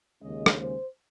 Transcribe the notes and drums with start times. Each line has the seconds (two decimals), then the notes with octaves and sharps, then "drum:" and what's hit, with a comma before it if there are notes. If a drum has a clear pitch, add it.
0.21 D#2 C#3 G#3 C#4 D#5
0.46 drum: rim click
0.59 C5